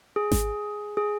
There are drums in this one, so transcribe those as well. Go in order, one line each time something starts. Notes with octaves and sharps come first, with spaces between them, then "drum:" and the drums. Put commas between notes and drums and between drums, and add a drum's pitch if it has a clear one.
G#4
drum: snare G#1
G#4